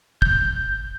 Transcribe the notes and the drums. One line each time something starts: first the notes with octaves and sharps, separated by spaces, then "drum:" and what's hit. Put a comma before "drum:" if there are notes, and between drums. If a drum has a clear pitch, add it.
G6, drum: kick